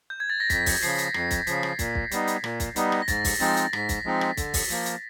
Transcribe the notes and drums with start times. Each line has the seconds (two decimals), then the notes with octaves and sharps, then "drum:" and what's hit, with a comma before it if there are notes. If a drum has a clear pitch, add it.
0.10 G6
0.20 G#6
0.30 A6
0.40 A#6
0.50 F2 B6, drum: kick, hi-hat
0.66 drum: kick, open hi-hat
0.82 C#3 F3 C7, drum: hi-hat
0.98 drum: hi-hat
1.14 F2 C7, drum: rim click
1.31 drum: kick, hi-hat
1.47 C#3 F3 B6, drum: hi-hat
1.63 drum: rim click
1.79 A#2, drum: kick, hi-hat
1.95 drum: kick
2.12 G3 B3 D#4, drum: hi-hat
2.28 drum: hi-hat
2.44 A#2, drum: rim click
2.60 drum: kick, hi-hat
2.76 G3 B3 D#4, drum: hi-hat
2.92 drum: rim click
3.02 A#6
3.08 G#2 A6, drum: kick, hi-hat
3.24 drum: kick, open hi-hat
3.40 F3 G#3 C4 D#4 A6, drum: hi-hat
3.57 drum: hi-hat
3.73 G#2 B6, drum: rim click
3.89 drum: kick, hi-hat
4.05 F3 G#3 C4 D#4
4.21 drum: rim click
4.37 D3, drum: kick, hi-hat
4.54 drum: kick, open hi-hat
4.70 F3 A#3, drum: hi-hat
4.86 drum: hi-hat